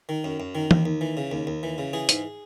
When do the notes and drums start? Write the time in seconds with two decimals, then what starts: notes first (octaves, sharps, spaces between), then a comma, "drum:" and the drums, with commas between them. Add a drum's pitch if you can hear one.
0.09 D#3
0.24 F#2
0.40 F#2
0.55 D#3
0.71 D#2, drum: tom E3
0.86 D#2
1.01 E3
1.17 C#3
1.32 D#2
1.47 D#2
1.63 E3
1.78 C#3
1.93 E3 G#4
2.09 G#2, drum: hi-hat